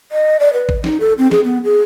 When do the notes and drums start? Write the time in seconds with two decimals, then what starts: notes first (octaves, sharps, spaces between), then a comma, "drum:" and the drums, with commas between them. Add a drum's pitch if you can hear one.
0.12 D#5
0.40 D5
0.53 B4
0.69 drum: kick
0.84 D#4, drum: snare
1.00 A4
1.18 C4
1.31 G#4, drum: snare
1.44 B3
1.64 G#4